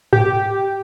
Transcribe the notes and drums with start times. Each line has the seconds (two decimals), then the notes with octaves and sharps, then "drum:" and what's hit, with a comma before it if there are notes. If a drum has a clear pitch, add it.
0.13 G4, drum: tom G#2